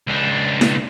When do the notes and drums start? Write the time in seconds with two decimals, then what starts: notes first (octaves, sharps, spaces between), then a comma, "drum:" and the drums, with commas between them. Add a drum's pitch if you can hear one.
0.07 C#2 D4
0.61 drum: snare E4